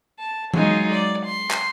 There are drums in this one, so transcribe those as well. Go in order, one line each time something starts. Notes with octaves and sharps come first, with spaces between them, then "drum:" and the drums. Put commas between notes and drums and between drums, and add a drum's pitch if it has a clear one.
A5
F#3 G#3 D#4 F4 G#4, drum: tom E3
D5
C6
drum: clap